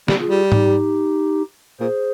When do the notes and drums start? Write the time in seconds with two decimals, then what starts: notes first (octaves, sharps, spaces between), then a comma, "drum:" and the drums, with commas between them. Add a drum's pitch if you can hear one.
0.08 G3, drum: snare
0.19 F4 G#4
0.30 G3
0.52 D#4 G4, drum: tom G#2
1.80 A#2 G#4 C5